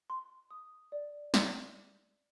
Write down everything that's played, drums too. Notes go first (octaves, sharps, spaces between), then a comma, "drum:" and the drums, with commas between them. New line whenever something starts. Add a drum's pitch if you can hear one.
C6
D#6
D5
C6, drum: snare